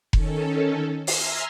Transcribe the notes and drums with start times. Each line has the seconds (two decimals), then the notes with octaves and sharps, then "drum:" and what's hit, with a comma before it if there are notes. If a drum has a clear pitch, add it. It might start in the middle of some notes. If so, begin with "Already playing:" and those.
0.13 D#3 C#4 A4, drum: kick F1
1.07 E5 G#5 A#5 C6 E6 F6, drum: open hi-hat